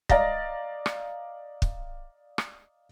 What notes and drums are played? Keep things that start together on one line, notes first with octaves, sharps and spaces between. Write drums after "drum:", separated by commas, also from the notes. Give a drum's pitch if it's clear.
D5 D#5 F5 A#5 A6 A#6, drum: kick
drum: rim click
drum: kick
drum: rim click